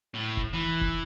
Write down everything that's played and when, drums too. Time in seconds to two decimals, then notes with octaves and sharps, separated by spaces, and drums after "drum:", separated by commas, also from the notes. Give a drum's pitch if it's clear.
0.15 A2
0.37 drum: kick F1
0.54 E3
0.81 drum: kick F1